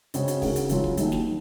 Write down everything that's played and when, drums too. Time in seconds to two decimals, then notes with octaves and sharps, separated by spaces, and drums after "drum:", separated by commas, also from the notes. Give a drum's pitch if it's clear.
0.14 C#3 G#3 C4 F#4 C#5, drum: hi-hat
0.28 drum: hi-hat
0.42 C#3 G#3 D#4 F#4 A#4, drum: kick, open hi-hat
0.56 drum: hi-hat
0.70 C#3 F#3 C#4 F4, drum: hi-hat
0.84 drum: kick
0.97 D#2 D#3 F#3, drum: hi-hat
1.12 drum: snare